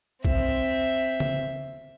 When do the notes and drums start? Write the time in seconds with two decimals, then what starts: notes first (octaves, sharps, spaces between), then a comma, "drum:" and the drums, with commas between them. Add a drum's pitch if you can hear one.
0.25 C4 E5, drum: kick A#1
1.20 drum: tom C#3